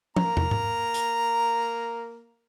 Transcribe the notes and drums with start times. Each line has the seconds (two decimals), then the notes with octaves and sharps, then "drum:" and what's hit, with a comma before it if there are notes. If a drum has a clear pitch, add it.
0.16 A#3 A#5, drum: tom
0.37 drum: tom
0.51 drum: tom G#2
0.94 drum: hi-hat